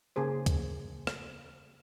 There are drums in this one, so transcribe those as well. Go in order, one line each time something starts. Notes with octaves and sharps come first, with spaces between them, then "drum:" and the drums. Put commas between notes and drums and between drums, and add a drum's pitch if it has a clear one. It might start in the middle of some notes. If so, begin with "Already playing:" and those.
C#3 A#3 G#4 C5
drum: kick, hi-hat
drum: rim click